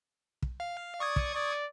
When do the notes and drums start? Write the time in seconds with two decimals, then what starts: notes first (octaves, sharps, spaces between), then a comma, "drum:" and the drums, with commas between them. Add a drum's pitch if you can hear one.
0.42 drum: kick
0.60 F5
1.00 D5 C#6 D#6 G#6
1.16 drum: kick
1.35 D5